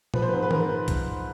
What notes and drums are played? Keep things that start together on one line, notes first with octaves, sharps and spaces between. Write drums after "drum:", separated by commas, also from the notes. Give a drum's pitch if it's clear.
F3 B4, drum: tom A#2
C5
B4
G#2
B4
G#2 A#4, drum: tom D#3
drum: kick, hi-hat